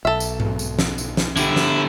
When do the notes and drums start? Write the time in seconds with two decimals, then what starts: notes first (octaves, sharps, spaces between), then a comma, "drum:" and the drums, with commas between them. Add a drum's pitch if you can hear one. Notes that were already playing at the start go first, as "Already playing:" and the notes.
0.05 B1 A4 E5
0.20 drum: tambourine
0.40 drum: tom G#2
0.59 drum: tambourine
0.79 drum: snare
0.98 drum: tambourine
1.17 drum: snare
1.37 D3 E4 G4, drum: tambourine
1.56 drum: snare